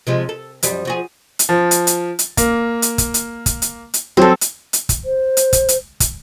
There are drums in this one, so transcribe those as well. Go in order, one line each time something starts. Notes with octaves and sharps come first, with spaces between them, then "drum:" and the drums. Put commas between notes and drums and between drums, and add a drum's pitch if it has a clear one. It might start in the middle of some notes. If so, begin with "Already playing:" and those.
C3 F3 G#3
A4
F#2 F3 G3, drum: hi-hat
F3 F#4 G#4
drum: hi-hat
F3
drum: hi-hat
drum: hi-hat
drum: hi-hat
A#3, drum: kick, hi-hat
drum: hi-hat
drum: kick, hi-hat
drum: hi-hat
drum: kick, hi-hat
drum: hi-hat
drum: hi-hat
F#3 C4 A4 C5
drum: hi-hat
drum: hi-hat
drum: kick, hi-hat
C5
drum: hi-hat
drum: kick, hi-hat
drum: hi-hat
drum: kick, hi-hat